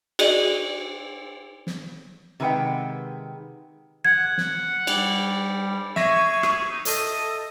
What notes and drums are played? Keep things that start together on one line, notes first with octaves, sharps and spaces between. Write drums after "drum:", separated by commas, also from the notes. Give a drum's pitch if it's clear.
F#4 G#4 D5 D#5, drum: cymbal
drum: snare
C3 D#3 G#3 B4 F#5 G5
F#5 G#6
drum: snare
G3, drum: cymbal
G#4 E5 C#6 A#6, drum: snare
drum: rim click
D#4
A4 D#5, drum: hi-hat